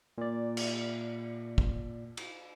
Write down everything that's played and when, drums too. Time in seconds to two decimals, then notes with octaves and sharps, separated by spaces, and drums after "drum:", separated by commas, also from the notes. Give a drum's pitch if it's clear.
0.18 A#2 D5
0.57 drum: cymbal
1.58 drum: kick
2.17 drum: cymbal